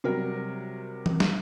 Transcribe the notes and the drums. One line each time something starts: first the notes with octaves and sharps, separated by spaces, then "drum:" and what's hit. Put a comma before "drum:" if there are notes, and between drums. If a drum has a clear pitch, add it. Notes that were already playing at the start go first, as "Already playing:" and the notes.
C3 F#3 G3 A#4
drum: tom E3
drum: snare